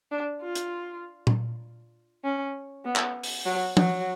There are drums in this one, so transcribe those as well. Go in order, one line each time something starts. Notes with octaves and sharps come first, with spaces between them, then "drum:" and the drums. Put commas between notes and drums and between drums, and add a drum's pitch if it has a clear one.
D4
F4
drum: hi-hat
drum: tom A#2
C#4
B3
drum: clap
drum: open hi-hat
F#3
F#3, drum: tom